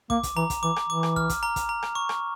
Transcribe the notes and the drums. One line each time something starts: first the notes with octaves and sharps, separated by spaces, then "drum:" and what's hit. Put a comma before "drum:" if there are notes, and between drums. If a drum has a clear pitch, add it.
A#3 D6, drum: kick
drum: kick, hi-hat
E3 A#5
drum: kick, hi-hat
E3 D6
drum: rim click
E3 D6
drum: rim click
F6, drum: kick
drum: kick, hi-hat
A#5
drum: kick, hi-hat
A#5
drum: rim click
C#6
drum: rim click